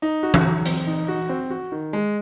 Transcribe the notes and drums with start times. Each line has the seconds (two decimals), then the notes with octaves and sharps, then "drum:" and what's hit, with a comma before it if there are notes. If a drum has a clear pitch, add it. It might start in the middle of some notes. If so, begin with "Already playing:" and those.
0.02 D#4
0.23 F#4
0.34 drum: tom E3
0.45 F#3
0.66 C4, drum: hi-hat
0.87 D#4
1.08 F#4
1.29 C4
1.50 F#4
1.72 D#3
1.93 G#3